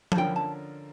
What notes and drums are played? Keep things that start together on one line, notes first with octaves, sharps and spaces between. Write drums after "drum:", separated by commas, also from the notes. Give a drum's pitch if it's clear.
A5, drum: tom F3
D3 F3 C#4 F4 A#4 G5
A5